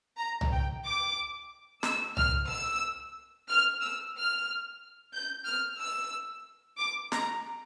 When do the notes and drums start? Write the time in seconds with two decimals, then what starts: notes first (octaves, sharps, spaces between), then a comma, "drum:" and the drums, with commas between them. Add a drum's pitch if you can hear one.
0.17 A#5
0.41 drum: tom C2
0.52 G5
0.84 D6
1.83 E6, drum: snare
2.17 F6, drum: tom C2
2.49 E6
3.49 F6
3.82 E6
4.15 F6
5.14 G6
5.47 F6
5.80 E6
6.78 D6
7.12 A#5, drum: snare